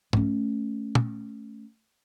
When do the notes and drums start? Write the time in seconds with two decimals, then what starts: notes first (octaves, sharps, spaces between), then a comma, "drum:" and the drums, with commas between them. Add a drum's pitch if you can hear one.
0.13 A3 C#4, drum: tom G#2
0.95 drum: tom